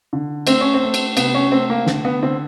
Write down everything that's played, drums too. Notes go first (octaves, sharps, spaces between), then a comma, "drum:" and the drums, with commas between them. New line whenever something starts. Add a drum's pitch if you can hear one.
D3
A3 C4, drum: cymbal
C#4
C4
A3
drum: cymbal
C3 B3, drum: cymbal
C#4
A3 C4
A#3
D3, drum: snare
B3
D3 C4